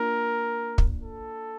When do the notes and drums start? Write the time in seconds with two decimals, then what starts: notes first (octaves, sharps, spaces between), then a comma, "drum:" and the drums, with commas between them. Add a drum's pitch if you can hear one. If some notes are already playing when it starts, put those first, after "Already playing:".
Already playing: A#3 D4 F4 A#4
0.78 drum: kick
1.03 A4